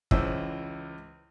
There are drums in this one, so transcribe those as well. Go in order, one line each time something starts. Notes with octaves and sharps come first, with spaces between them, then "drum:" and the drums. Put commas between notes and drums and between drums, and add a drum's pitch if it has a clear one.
C#2 E3 C5 E6, drum: kick